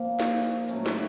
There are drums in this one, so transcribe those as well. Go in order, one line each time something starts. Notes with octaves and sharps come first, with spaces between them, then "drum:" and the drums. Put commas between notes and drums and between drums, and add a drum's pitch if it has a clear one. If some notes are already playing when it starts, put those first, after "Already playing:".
Already playing: A#2 F3 A#3
drum: snare
drum: hi-hat
A2 F#3 A3 C#4, drum: hi-hat
drum: snare